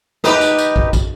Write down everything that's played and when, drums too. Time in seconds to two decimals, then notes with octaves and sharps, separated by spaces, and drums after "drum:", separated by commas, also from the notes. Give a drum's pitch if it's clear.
0.24 D#4 G4 B4, drum: snare
0.41 drum: tambourine
0.58 drum: tambourine
0.76 drum: kick
0.93 drum: kick, tambourine